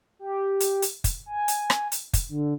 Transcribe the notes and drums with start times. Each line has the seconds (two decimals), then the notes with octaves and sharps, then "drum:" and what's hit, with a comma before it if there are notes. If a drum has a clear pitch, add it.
0.19 G4
0.60 drum: hi-hat
0.82 drum: hi-hat
1.04 drum: kick, hi-hat
1.26 G#5
1.48 drum: hi-hat
1.70 drum: rim click
1.92 drum: hi-hat
2.13 drum: kick, hi-hat
2.29 D3